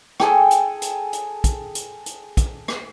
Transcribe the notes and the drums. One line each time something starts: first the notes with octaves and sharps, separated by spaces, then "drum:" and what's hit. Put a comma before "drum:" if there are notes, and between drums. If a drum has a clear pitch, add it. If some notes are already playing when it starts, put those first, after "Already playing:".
G#4 A4 G5, drum: rim click
drum: hi-hat
drum: hi-hat
drum: hi-hat
drum: kick, hi-hat
drum: hi-hat
drum: hi-hat
drum: kick, hi-hat
drum: rim click